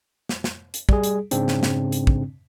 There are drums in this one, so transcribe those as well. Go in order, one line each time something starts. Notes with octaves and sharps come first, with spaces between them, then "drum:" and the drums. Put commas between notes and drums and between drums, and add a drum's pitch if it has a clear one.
drum: snare
drum: snare
drum: hi-hat
G3 G#4, drum: kick
drum: hi-hat
G#2 C#3 C4 D4, drum: hi-hat
drum: snare
drum: snare
drum: hi-hat
drum: kick